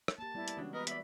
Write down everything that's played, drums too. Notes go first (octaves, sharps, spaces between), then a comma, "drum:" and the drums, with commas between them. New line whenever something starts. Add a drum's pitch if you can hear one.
drum: rim click
A#3 G4 A5
A2 G3 B3 E4 D5
drum: hi-hat
C#3 E3 G#3 D4 F#4
B3 A#4 B4 D#5 D#6
B3 D5 E5 B5, drum: hi-hat